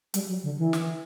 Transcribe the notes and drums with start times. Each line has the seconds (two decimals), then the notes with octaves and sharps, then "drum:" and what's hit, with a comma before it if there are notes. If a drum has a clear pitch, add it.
0.14 G3, drum: hi-hat
0.28 F#3
0.43 D3
0.58 E3
0.73 drum: snare